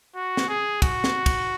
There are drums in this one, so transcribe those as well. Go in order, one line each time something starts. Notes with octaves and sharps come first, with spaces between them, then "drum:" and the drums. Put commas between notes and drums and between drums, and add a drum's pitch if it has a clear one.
F#4
drum: snare
G#4
F#4, drum: kick, cymbal
drum: snare
drum: kick, cymbal